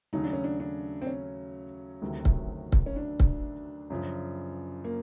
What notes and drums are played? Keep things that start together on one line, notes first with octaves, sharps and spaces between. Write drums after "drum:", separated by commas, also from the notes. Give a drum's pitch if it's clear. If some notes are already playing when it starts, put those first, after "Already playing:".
D#2 C#3 F#3 A3 D#4
D4
C#4
D4
D4
C4
C#4
D2 C3 D#3 F#3 A3
drum: kick C#1
drum: kick C#1
C#4
D4
drum: kick C#1
F#2 C#3 F3
A#3